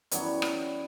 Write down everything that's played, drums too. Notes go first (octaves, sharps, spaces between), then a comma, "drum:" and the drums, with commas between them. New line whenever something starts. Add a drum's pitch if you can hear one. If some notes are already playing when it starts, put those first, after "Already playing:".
F#2 E3 G3 B3 C#5, drum: hi-hat
drum: rim click